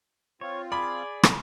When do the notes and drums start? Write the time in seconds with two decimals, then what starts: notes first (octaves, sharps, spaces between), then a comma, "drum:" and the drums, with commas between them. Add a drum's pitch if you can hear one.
0.41 C4 F4 C#5
0.72 G#4 D5 B5
1.23 drum: rim click